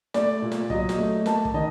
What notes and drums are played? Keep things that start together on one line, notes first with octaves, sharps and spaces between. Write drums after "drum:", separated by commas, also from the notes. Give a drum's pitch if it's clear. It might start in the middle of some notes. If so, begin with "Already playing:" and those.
A3 D5, drum: snare
A#2
drum: snare
F#3 D#5, drum: kick
drum: snare
A3
A#3 A5, drum: snare
drum: kick
D#3 D#5